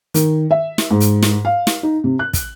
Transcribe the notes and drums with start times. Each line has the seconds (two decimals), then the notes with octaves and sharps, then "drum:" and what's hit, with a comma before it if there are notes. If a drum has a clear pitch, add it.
0.14 D#3, drum: hi-hat
0.51 E5
0.78 drum: snare
0.91 G#2
1.00 drum: hi-hat
1.23 drum: snare
1.45 F5
1.67 drum: snare
1.83 D#4
2.04 C3
2.19 F#6
2.33 drum: kick, hi-hat